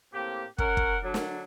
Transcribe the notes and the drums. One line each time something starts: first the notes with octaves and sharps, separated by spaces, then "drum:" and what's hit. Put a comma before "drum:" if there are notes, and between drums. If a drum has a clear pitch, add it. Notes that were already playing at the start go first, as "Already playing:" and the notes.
A2 A#3 C4 G4
C#4 A#4 F#5, drum: kick
drum: kick
D3 F#3 D4
drum: snare